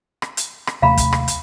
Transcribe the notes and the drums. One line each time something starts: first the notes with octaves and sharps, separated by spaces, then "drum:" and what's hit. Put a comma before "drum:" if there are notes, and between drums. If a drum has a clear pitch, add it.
drum: rim click
drum: hi-hat
drum: rim click
D#2 C3 A3 F5 A#5 B5
drum: kick, hi-hat
drum: rim click
drum: hi-hat